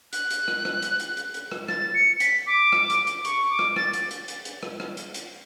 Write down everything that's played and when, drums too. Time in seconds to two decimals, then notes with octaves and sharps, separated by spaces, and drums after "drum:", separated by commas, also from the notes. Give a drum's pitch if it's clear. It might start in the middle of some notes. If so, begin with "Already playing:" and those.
0.13 F#6, drum: hi-hat
0.31 drum: hi-hat
0.48 drum: rim click
0.65 drum: rim click
0.82 drum: hi-hat
1.00 drum: hi-hat
1.17 drum: hi-hat
1.34 drum: hi-hat
1.52 drum: rim click
1.68 A6, drum: rim click
1.95 C#7
2.20 B6, drum: hi-hat
2.47 D6
2.72 drum: rim click
2.90 drum: hi-hat
3.07 drum: hi-hat
3.25 C#6, drum: hi-hat
3.50 D6
3.59 drum: rim click
3.76 A6, drum: rim click
3.93 drum: hi-hat
4.11 drum: hi-hat
4.28 drum: hi-hat
4.45 drum: hi-hat
4.63 drum: rim click
4.80 drum: rim click
4.97 drum: hi-hat
5.14 drum: hi-hat